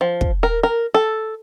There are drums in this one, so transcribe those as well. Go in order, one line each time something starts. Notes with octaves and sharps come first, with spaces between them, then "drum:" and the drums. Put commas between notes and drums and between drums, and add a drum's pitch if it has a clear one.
F3
drum: kick
A#4
A#4
A4